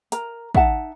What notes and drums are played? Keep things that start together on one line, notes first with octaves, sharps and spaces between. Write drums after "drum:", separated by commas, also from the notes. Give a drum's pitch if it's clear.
A#4 A#5, drum: hi-hat
D#4 E5 F#5 A5, drum: kick